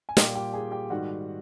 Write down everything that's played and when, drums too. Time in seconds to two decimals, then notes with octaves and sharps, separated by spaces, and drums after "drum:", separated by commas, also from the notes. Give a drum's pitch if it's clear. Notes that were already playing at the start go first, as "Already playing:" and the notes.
0.09 G#5
0.17 A#2 G3 A#3 G4 G5, drum: snare
0.35 G4 G5
0.53 G#4 G#5
0.71 G4 G5
0.90 G#2 D#3 G3 F#4 F#5